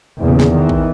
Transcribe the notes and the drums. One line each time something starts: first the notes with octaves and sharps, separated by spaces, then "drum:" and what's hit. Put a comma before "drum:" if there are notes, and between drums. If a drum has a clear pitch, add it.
E2 A#2 C#3
drum: snare
D#3 E3
drum: kick